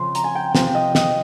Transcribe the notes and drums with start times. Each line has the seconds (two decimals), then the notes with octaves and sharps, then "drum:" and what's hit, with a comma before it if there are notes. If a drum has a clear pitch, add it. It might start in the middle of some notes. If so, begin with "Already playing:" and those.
Already playing: F2 C#3 F3 C6
0.15 A#5, drum: hi-hat
0.24 G#5
0.35 G5
0.55 C3 F3 C4 G5, drum: snare
0.75 D#5
0.95 D#5, drum: snare